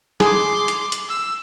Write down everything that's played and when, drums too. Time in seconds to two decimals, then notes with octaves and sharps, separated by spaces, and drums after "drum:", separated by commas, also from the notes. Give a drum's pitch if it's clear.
0.20 G#4 C6 D6, drum: snare
0.68 drum: hi-hat
0.92 drum: hi-hat
1.09 E6